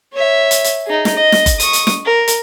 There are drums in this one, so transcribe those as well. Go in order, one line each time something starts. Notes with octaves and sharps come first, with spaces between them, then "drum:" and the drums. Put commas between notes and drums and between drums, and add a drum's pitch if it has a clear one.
C#5 E5
drum: hi-hat
drum: hi-hat
D#4 G#4
drum: snare
D#5
drum: snare
drum: kick F#1, hi-hat
C#6 D#6, drum: hi-hat
drum: hi-hat
drum: snare
A#4
drum: hi-hat